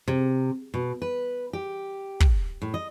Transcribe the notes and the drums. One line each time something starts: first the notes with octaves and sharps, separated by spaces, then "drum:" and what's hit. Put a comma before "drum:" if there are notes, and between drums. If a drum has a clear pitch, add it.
C3
B2
B4
G4
drum: kick
A2
D#5